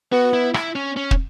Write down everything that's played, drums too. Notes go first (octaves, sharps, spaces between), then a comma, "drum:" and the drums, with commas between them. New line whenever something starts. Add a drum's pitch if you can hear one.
B3 F#4
E4
E4, drum: rim click
C#4
C#4
drum: kick